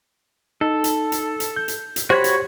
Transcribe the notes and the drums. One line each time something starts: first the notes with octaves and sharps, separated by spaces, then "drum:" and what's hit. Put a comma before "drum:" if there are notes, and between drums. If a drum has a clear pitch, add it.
D#4 A4
drum: hi-hat
drum: hi-hat
drum: hi-hat
G6
drum: hi-hat
drum: hi-hat
F#4 G4 C5 C#5 B5
drum: hi-hat